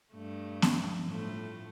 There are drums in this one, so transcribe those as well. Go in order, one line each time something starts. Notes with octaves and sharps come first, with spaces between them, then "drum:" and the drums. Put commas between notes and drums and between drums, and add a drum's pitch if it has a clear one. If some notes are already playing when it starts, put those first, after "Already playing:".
G2 A3
drum: snare B3
A2 F3 A3